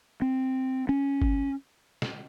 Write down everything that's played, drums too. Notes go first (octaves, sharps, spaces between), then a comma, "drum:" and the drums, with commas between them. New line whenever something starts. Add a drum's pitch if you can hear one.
C4
C#4
drum: kick G1
drum: snare